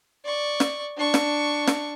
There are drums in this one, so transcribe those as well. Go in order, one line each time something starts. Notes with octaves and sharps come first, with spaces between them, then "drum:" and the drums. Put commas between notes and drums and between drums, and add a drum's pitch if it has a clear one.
D5 C#6
drum: snare
D4 C#6
drum: snare
drum: snare